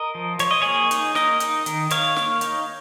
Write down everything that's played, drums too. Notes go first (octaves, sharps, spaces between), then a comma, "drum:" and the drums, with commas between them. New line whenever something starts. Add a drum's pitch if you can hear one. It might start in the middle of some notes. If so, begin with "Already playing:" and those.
Already playing: A#4 D#5
F3
F3 C#5, drum: hi-hat
D#5
A#3 G#4 C#5
D#4, drum: hi-hat
A#3 A#4 D#5, drum: snare
D#4, drum: hi-hat
D#3, drum: hi-hat
D#3 C#5 F5, drum: hi-hat
A#3, drum: snare
D#4, drum: hi-hat